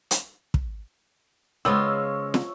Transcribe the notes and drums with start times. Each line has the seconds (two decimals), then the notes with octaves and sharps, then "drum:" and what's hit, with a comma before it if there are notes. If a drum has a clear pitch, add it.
0.11 drum: hi-hat
0.54 drum: kick
1.65 C#3 F3 G#3 B3 F4 C#5 E6
2.34 drum: snare